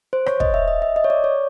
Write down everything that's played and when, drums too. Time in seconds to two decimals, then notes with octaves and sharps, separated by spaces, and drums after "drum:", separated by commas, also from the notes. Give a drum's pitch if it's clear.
0.13 C5
0.26 C#5, drum: rim click
0.40 D#5, drum: kick
0.54 E5
0.68 D#5
0.82 E5
0.96 D#5
1.04 C#5
1.10 D5
1.24 C#5